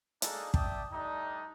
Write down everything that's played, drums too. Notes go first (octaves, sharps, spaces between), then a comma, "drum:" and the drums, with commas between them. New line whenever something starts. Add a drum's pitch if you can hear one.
G#3 A#3 D4 D#4 G#4 A4, drum: hi-hat
D5 E5 G5 A5 D6 D#6, drum: kick
G3 A3 D4 D#4